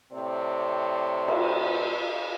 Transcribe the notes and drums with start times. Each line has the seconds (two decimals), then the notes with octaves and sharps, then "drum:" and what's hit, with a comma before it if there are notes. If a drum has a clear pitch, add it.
0.12 A2 C3 C4 D5
1.28 drum: cymbal